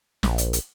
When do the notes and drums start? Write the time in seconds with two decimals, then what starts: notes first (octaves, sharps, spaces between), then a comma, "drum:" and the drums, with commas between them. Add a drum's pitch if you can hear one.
0.23 A#1, drum: snare
0.38 drum: hi-hat
0.53 drum: hi-hat